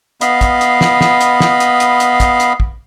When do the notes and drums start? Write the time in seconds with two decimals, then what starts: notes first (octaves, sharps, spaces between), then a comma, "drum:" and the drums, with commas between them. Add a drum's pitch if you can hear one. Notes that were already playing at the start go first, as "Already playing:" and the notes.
0.21 B3 D#5 F5 B5, drum: hi-hat
0.41 drum: kick, hi-hat
0.61 drum: hi-hat
0.81 drum: snare
1.01 drum: snare
1.21 drum: hi-hat
1.40 drum: snare
1.60 drum: hi-hat
1.80 drum: hi-hat
2.00 drum: hi-hat
2.20 drum: kick, hi-hat
2.40 drum: hi-hat
2.60 drum: kick